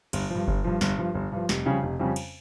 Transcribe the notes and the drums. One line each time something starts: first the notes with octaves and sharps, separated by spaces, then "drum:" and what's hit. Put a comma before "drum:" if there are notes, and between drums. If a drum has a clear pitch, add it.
G1, drum: cymbal
G2 F3
G1, drum: kick F#1
G2 F3
G1, drum: snare
G2 F3
G1
G2 F3
F1, drum: snare
F2 C#3 G3 C#4
F1
F2 C#3 G3 C#4
drum: cymbal